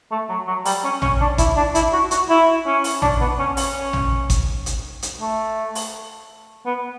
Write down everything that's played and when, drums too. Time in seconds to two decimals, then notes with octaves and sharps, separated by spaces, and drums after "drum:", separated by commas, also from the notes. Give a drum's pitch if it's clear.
0.11 A3
0.29 F#3
0.47 F#3
0.65 G3, drum: open hi-hat
0.84 C#4
1.02 C#4, drum: tom
1.21 D4
1.38 E4, drum: kick G#1, hi-hat
1.56 D4
1.75 E4, drum: hi-hat
1.93 F#4
2.11 F#4, drum: hi-hat
2.30 E4
2.66 C#4
2.84 drum: open hi-hat
3.02 D4, drum: tom
3.21 B3
3.39 C#4
3.57 C#4, drum: open hi-hat
3.93 drum: tom
4.30 drum: kick G#1, hi-hat
4.66 drum: hi-hat
5.02 drum: hi-hat
5.21 A3
5.75 drum: open hi-hat
6.66 B3